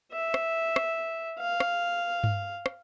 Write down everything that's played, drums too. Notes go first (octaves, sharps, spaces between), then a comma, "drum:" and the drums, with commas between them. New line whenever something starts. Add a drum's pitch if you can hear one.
E5
drum: rim click
drum: rim click
F5
drum: rim click
drum: tom G2
drum: rim click